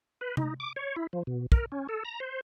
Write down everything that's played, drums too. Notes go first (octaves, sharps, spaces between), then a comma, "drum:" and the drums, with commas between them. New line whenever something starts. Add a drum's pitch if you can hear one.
B4
D#4, drum: tom C3
D6
C#5
E4
F3
B2
A#4, drum: kick
C#4
A4
A#5
C5